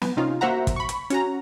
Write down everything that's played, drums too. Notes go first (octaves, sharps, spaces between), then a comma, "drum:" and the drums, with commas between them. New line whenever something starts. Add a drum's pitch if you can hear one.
B3, drum: snare
C3 C#4 D#4 F4
A#3 F#4 C5 E5 F#5 A#5
drum: kick, hi-hat
B5 C#6
drum: hi-hat
C#4 F#4 A#5, drum: hi-hat